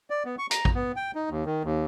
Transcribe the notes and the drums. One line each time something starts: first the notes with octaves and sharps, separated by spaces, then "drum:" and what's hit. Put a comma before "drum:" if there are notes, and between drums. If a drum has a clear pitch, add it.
D5
B3
C#6
A#5, drum: hi-hat
drum: kick A1
B3
G5
D#4
D#2
D#3
D#2